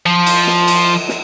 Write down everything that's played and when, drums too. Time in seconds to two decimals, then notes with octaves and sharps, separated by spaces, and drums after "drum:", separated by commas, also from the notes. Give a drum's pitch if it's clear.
0.06 F3
0.27 drum: cymbal
0.47 drum: snare
0.68 drum: cymbal
1.09 drum: snare